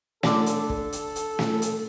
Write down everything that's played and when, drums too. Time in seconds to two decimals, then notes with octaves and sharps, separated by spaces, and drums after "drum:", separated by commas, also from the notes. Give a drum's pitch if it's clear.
0.23 D3 D4 A4 D5, drum: snare
0.46 drum: hi-hat
0.69 drum: kick
0.92 drum: hi-hat
1.16 drum: hi-hat
1.39 drum: snare
1.62 drum: hi-hat